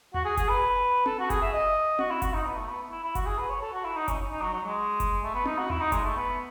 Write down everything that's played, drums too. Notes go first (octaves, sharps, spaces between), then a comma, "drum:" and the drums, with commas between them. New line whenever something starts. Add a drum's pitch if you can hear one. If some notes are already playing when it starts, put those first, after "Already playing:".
F#4, drum: tom D#2
G#4
G#4, drum: kick F#1, hi-hat
B4
A4, drum: tom C4
F#4
G#4, drum: kick F#1, hi-hat
E5
D#5
F#4, drum: tom C4
E4
F#4, drum: kick F#1, hi-hat
D#4
B3
A3
B3
E4
E4
F#4, drum: kick F#1, hi-hat
G#4
B4
C#5
A4
F#4
E4
D#4
C#4, drum: kick F#1, hi-hat
D#4
F#3
F#3
G#3
drum: kick F#1, hi-hat
A3
B3
D#4, drum: tom C4
F#4
E4, drum: tom D#2
D#4
G#3, drum: kick F#1, hi-hat
A3
B3